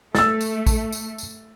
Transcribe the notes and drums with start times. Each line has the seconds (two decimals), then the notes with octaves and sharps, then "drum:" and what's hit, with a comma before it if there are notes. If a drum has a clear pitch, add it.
0.15 A3 E6 A6, drum: snare
0.41 drum: tambourine
0.67 drum: kick A1, tambourine
0.92 drum: tambourine
1.18 drum: tambourine